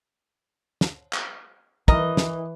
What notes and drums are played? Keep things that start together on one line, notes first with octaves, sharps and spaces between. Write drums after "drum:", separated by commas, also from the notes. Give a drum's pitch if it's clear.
drum: snare
drum: clap
E3 A#4 D#5, drum: kick
drum: snare